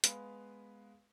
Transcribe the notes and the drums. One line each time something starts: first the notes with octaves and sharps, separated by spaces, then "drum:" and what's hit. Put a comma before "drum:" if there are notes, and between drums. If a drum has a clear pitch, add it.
G#3 B3 B4 F5, drum: hi-hat